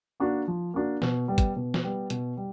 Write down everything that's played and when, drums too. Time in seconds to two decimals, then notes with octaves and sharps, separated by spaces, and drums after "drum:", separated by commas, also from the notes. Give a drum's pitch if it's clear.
0.20 A#3 D4 F#4
0.48 F3
0.74 A#3 D4 F#4
1.02 B2, drum: snare
1.28 G3 B3
1.38 drum: kick, hi-hat
1.56 B2
1.74 drum: snare
1.84 G3 B3
2.10 B2, drum: hi-hat
2.37 G3